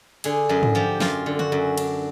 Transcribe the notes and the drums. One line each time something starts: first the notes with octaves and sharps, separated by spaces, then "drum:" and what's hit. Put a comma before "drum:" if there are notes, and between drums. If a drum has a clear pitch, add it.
D3 G#4, drum: cymbal
F#2 G#4
drum: tom G#2
F3 G4
F#2 F4, drum: snare
D3
F#4, drum: tom C#3
F#2
D4, drum: cymbal